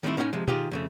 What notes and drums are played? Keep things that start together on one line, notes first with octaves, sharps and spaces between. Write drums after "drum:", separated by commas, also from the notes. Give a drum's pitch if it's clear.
D#3 G3 A3 A#3 C4 E4
A2 C#4 D#4 F5 G#5
C3 F3 G#3
D#3 F4 G4 G#4, drum: tom B2
F2 C#3 A3